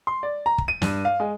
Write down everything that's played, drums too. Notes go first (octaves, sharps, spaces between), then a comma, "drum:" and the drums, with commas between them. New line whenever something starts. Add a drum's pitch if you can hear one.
C6
D5
A#5
drum: kick
D#7
G2, drum: snare
F5
G#3